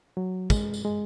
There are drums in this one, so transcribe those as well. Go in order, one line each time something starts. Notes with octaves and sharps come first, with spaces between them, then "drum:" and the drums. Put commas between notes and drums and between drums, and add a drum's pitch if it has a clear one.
F#3
G#3, drum: kick, tambourine
drum: tambourine
G#3